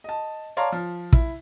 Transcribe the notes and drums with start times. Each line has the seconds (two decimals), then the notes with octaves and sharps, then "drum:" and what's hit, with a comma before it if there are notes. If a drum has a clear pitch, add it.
0.04 D#5 A5
0.57 C#5 D5 F5 A5 A#5 C6
0.72 F3
1.13 E4, drum: kick